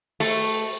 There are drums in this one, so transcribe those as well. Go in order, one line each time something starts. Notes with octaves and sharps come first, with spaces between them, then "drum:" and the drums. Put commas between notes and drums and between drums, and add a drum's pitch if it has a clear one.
A3, drum: open hi-hat